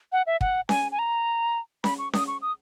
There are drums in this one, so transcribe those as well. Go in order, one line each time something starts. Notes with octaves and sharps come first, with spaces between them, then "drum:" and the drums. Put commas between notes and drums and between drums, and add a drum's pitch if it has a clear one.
F#5
E5
F#5, drum: kick
G#5, drum: snare C#4
G#5
A#5
B5, drum: snare C#4
C#6
D#6, drum: snare C#4
C#6
D#6